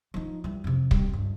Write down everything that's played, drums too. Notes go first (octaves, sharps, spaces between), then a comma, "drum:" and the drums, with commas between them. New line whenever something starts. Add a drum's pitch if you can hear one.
F3 D#4
E3 G3
F2 C3
G3 C4, drum: kick
C#2 G2